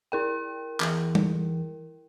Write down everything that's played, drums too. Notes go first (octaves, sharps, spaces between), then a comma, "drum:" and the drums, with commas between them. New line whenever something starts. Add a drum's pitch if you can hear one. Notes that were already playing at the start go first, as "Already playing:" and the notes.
E4 A#4 G5
E2, drum: clap
drum: tom G3